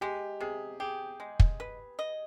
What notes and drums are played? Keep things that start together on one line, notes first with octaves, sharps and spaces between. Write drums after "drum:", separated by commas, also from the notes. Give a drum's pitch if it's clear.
G#3 G4
C3 G#4
G4 G#4
G#3
drum: kick
B4
D#5